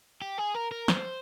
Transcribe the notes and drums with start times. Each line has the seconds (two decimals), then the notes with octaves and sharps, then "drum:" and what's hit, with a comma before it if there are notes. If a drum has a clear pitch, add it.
0.22 G4
0.38 G#4
0.55 A#4
0.71 A#4
0.88 C5, drum: snare